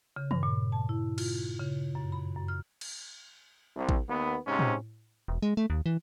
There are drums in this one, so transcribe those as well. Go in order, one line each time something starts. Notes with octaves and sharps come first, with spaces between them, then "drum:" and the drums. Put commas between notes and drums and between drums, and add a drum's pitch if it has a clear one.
C#3
G2, drum: tom D#3
A#2
A5
E4
F4, drum: cymbal
C#3
F#2
B5
F#2
F6
drum: cymbal
C2
drum: kick
D#2 B3
G#2 C3 C#4
drum: tom A2
E1
G#3
A3
D#2
E3